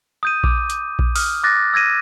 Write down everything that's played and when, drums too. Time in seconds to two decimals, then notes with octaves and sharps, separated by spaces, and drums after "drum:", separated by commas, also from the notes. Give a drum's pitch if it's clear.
0.23 D#6 G6 D#7
0.44 D6, drum: kick A#1
0.70 drum: hi-hat
0.99 drum: kick A#1
1.16 D#6 F6, drum: open hi-hat
1.43 D6 F#6 A6 A#6
1.74 E6 G#6 A#6 D#7